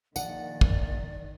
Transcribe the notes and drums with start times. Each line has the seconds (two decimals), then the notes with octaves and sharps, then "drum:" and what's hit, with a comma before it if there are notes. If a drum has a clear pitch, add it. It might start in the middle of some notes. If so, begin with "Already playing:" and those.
0.16 A#1 D#3 D5 F#5, drum: tambourine
0.61 drum: kick